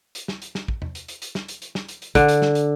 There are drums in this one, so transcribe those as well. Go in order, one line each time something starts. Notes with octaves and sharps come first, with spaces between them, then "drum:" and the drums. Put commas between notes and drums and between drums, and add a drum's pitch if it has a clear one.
drum: hi-hat
drum: snare
drum: hi-hat
drum: snare
drum: kick
drum: tom E2
drum: hi-hat
drum: hi-hat
drum: hi-hat
drum: snare
drum: hi-hat
drum: hi-hat
drum: snare
drum: hi-hat
drum: hi-hat
D3, drum: kick, hi-hat
drum: hi-hat
drum: snare
drum: hi-hat